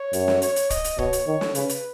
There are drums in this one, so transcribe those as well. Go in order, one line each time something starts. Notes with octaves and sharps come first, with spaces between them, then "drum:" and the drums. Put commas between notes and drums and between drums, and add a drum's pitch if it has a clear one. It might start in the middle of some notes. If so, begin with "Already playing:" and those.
Already playing: C#5
F#2, drum: hi-hat
drum: snare
C#5, drum: hi-hat
drum: hi-hat
D#5, drum: kick, hi-hat
drum: hi-hat
B2 C#5, drum: kick
drum: hi-hat
D#3 C#5
drum: snare
C#3 B4, drum: hi-hat
drum: hi-hat